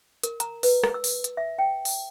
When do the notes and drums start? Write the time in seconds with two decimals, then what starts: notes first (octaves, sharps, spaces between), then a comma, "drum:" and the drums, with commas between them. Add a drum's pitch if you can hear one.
0.23 A#4, drum: hi-hat
0.40 A#5, drum: hi-hat
0.63 B4, drum: open hi-hat
0.84 drum: rim click
0.94 E6
1.04 drum: open hi-hat
1.24 drum: hi-hat
1.37 E5
1.59 G5
1.85 drum: open hi-hat